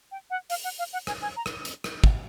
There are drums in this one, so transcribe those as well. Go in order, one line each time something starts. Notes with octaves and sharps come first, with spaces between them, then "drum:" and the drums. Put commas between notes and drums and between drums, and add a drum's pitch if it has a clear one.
G5
F#5
F5, drum: open hi-hat
F#5
F5
F#5
G#5, drum: rim click
G#5
A#5
drum: rim click
drum: hi-hat
drum: rim click
drum: kick